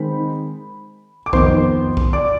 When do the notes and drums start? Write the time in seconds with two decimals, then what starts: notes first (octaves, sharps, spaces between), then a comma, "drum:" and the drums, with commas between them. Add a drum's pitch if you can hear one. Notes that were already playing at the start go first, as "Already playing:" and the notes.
Already playing: D#3 G#3 C4 D#4 B5
1.26 D6
1.33 F2 D#3 B3 D#4 C5 C6, drum: kick
1.97 drum: kick
2.13 D5 D6